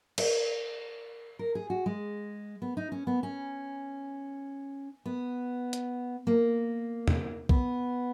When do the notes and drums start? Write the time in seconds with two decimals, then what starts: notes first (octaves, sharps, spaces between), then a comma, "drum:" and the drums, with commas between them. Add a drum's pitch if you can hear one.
0.18 A#4, drum: cymbal
1.39 A#4
1.55 G#4
1.70 F#4
1.86 G#3
2.62 B3
2.77 D#4
2.92 C#4
3.07 B3
3.23 C#4
5.06 B3
5.73 drum: hi-hat
6.27 A#3
7.08 drum: tom
7.49 B3, drum: kick